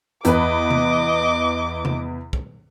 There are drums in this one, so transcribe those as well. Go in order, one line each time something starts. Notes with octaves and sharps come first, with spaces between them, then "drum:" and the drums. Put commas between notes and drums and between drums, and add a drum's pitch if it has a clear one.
E2 B4 D#5 D6, drum: hi-hat
drum: tom C3
drum: tom C3
drum: kick